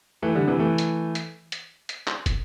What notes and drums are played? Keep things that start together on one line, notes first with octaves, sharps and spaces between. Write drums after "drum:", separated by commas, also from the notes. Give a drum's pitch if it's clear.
E3 A3
D3 G3
C3 E3
E3 A3
drum: hi-hat
drum: hi-hat
drum: hi-hat
drum: hi-hat
drum: clap
drum: kick, hi-hat